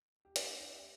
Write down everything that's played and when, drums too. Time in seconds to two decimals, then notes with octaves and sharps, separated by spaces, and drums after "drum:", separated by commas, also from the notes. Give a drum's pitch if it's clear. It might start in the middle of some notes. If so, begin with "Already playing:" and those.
0.25 G4
0.36 E4, drum: hi-hat
0.48 D4
0.59 E4
0.79 G4